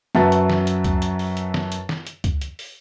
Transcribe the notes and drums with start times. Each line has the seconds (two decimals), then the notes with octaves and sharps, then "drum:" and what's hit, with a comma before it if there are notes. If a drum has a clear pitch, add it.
0.15 F#2 F#4 B4 E5 F#5 A5, drum: snare
0.32 drum: hi-hat
0.50 drum: snare
0.67 drum: hi-hat
0.84 drum: kick, hi-hat
1.02 drum: hi-hat
1.19 drum: open hi-hat
1.37 drum: hi-hat
1.54 drum: snare
1.72 drum: hi-hat
1.89 drum: snare
2.07 drum: hi-hat
2.24 drum: kick, hi-hat
2.41 drum: hi-hat
2.59 drum: open hi-hat